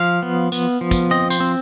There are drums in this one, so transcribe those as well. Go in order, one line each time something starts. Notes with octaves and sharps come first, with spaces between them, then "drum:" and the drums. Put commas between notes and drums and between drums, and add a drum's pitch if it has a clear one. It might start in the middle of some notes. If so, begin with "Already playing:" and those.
Already playing: F3 F5
B3
B3, drum: tambourine
F3
drum: kick, tambourine
C4 D#5
C5, drum: tambourine
C4